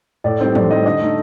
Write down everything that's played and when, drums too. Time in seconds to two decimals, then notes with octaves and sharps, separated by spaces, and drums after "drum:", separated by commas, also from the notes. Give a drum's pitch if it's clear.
0.24 A2 D5
0.40 G3 C4 D#4 C5
0.55 A2 D5, drum: tom
0.70 G3 C4 D#4 D#5
0.85 D3 D#5
1.01 A3 D#4